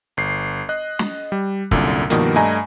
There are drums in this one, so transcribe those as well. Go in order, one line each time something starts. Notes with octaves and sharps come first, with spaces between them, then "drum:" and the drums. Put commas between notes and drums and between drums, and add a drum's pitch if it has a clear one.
G1 C7
D#5 F#6
drum: snare
G3
C2 F#2 A#2 D3, drum: kick
G2 B2 D#3 F3 G3 A#3, drum: hi-hat
G2 A3 D#5 G#5 A#5